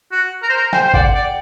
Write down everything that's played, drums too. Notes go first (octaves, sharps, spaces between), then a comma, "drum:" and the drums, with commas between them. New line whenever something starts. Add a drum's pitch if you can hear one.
F#4
A#4
C5
A#4
C5 G5, drum: snare
C5
D5 F#5, drum: kick G1
D5